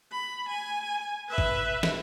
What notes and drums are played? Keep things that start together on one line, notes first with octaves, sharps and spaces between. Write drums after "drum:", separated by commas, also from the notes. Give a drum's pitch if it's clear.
B5
G#5
B4 E5
drum: kick G#1
drum: snare